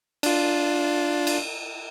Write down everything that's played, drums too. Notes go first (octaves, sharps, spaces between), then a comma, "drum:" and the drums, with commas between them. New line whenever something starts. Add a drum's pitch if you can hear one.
D4 F4, drum: cymbal
drum: cymbal